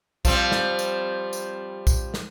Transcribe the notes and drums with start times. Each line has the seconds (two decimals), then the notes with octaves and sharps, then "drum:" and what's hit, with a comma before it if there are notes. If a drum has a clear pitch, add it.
0.25 F3 G3 C4, drum: kick B1, tambourine
0.52 drum: snare
0.79 drum: tambourine
1.33 drum: tambourine
1.87 drum: kick B1, tambourine
2.14 drum: snare